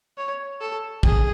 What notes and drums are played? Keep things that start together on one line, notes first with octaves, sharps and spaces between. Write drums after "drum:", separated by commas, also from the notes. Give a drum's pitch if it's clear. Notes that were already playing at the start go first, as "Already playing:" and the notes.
C#5
A4
G#4, drum: kick